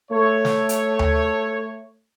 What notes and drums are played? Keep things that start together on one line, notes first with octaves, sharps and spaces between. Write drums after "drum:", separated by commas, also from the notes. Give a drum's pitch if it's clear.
A3 C#5
drum: snare
drum: hi-hat
drum: tom D2